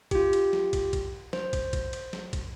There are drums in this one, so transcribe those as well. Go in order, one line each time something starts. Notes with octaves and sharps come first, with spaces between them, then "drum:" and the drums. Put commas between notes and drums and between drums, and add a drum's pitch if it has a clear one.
F4 G4, drum: kick, cymbal
drum: cymbal
drum: snare
drum: kick, cymbal
drum: kick, cymbal
C5, drum: snare
drum: kick, cymbal
drum: kick, cymbal
drum: cymbal
drum: snare
drum: kick, cymbal